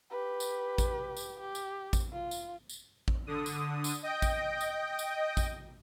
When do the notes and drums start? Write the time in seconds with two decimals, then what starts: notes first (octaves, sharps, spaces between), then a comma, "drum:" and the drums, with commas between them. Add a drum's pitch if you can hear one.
0.10 G4 B4
0.40 drum: tambourine
0.78 drum: kick A1, tambourine
1.17 drum: tambourine
1.40 G4
1.55 drum: tambourine
1.93 drum: kick A1, tambourine
2.13 F4
2.31 drum: tambourine
2.69 drum: tambourine
3.08 drum: kick A1
3.27 D3 D#6
3.46 drum: tambourine
3.84 drum: tambourine
4.03 D#5 G5 G6 A#6 D7
4.22 drum: kick A1, tambourine
4.61 drum: tambourine
4.99 drum: tambourine
5.37 drum: kick A1, tambourine